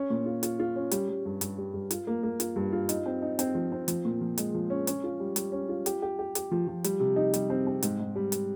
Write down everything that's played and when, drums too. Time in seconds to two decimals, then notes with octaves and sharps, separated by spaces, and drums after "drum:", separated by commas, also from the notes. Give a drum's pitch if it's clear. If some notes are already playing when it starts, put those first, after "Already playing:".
Already playing: C#4
0.10 A#2
0.26 F4
0.43 F4, drum: hi-hat
0.60 F4
0.76 C#4
0.91 G3, drum: hi-hat
1.09 G3
1.26 G2
1.41 G2, drum: hi-hat
1.58 G3
1.74 G2
1.91 F4, drum: hi-hat
2.07 A#3
2.23 A#3
2.40 F4, drum: hi-hat
2.56 G2
2.72 F4
2.89 D#4, drum: hi-hat
3.06 C4
3.22 D#4
3.39 C4, drum: hi-hat
3.55 F3
3.72 C4
3.88 F3, drum: hi-hat
4.05 A#2
4.21 F3
4.38 G#3, drum: hi-hat
4.54 F3
4.70 C#4
4.87 C#4, drum: hi-hat
5.04 F4
5.20 G3
5.36 G3, drum: hi-hat
5.52 C#4
5.69 F4
5.86 G4, drum: hi-hat
6.02 G4
6.19 G4
6.35 G4, drum: hi-hat
6.51 F3
6.67 F3
6.84 G3, drum: hi-hat
7.00 C3
7.16 D#4
7.34 G3, drum: hi-hat
7.50 C4
7.67 C4
7.83 G#2, drum: hi-hat
8.00 G#2
8.16 G3
8.32 drum: hi-hat